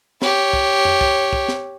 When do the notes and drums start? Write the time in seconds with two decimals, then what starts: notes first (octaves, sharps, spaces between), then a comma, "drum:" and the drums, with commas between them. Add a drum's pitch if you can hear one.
0.22 G4 C#5, drum: snare
0.53 drum: kick
0.85 drum: tom F2
1.01 drum: kick
1.33 drum: kick
1.48 drum: snare